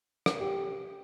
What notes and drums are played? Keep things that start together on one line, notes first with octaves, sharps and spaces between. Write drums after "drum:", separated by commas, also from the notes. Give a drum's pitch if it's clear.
drum: rim click
G4